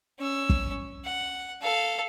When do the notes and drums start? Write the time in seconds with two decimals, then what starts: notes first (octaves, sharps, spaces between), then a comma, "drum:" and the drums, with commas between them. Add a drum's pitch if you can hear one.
0.20 C#4 E6
0.49 drum: kick
1.05 F#5
1.62 A4 F5